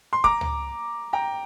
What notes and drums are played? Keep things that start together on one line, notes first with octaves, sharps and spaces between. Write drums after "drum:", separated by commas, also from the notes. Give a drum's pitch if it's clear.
C6
A#5 D6, drum: kick
drum: tom C#2
G5 A#5